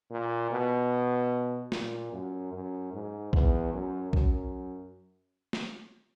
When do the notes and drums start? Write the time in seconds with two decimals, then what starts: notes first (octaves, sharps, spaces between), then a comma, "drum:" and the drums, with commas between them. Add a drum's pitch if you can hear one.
0.11 A#2
0.51 B2
1.72 A#2, drum: snare
2.12 F#2
2.53 F#2
2.93 G#2
3.33 E2, drum: kick
3.73 F#2
4.13 F#2, drum: kick
5.53 drum: snare